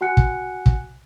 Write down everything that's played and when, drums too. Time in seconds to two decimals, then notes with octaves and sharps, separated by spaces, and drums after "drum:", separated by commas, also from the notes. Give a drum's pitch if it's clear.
0.01 F#4 F#5 G#5 F#6 C#7
0.17 drum: kick
0.66 drum: kick